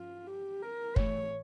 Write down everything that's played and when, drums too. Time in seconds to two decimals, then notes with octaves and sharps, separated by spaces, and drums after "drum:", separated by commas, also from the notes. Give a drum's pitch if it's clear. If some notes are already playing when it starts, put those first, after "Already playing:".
Already playing: G2 F3 C#4 F4
0.27 G4
0.62 A#4
0.96 A2 E3 A3 C#5, drum: kick